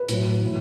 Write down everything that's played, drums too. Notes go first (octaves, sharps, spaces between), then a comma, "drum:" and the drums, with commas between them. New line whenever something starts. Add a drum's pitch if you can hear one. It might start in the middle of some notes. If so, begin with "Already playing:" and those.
Already playing: B4
A2 F#3, drum: hi-hat
A2 E3